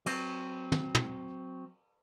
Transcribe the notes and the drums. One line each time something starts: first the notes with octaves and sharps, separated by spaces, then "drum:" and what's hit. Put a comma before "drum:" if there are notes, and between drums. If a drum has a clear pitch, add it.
F#3 C4, drum: cymbal
drum: tom
drum: tom